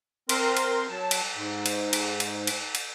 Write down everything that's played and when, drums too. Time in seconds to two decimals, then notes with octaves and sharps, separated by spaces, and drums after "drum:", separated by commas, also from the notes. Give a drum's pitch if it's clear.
0.29 C4 A#4 C6, drum: cymbal
0.57 drum: cymbal
0.89 F#3 A5
1.11 drum: cymbal
1.35 G#2
1.66 drum: cymbal
1.93 drum: cymbal
2.20 drum: cymbal
2.47 drum: cymbal
2.75 drum: cymbal